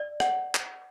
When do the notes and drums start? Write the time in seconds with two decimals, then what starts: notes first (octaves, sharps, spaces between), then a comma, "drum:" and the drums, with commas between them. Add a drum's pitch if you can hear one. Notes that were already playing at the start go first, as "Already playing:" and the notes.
Already playing: D5
0.20 F#5, drum: rim click
0.55 drum: clap